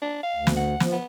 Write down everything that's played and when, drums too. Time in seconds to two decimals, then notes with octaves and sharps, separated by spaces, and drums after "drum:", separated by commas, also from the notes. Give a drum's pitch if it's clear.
0.02 D4
0.23 F5
0.35 D2
0.47 drum: snare
0.56 F#5
0.80 F3, drum: snare
0.92 B3